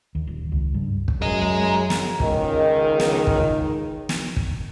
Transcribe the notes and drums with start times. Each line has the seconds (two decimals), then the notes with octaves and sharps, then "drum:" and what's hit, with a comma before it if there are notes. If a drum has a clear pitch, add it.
0.15 D#2
0.27 D#1
0.52 C#2
0.74 G2
1.08 drum: kick
1.22 F#2 G#4 D#5 A#5
1.90 drum: snare
2.20 C#2 D#3, drum: kick
3.00 drum: snare
3.27 drum: kick
4.09 drum: snare
4.36 drum: kick